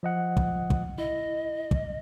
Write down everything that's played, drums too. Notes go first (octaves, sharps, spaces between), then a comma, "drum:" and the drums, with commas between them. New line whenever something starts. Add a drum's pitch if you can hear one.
F3 D#5 F#5
drum: kick
drum: kick
E4 D#5
drum: kick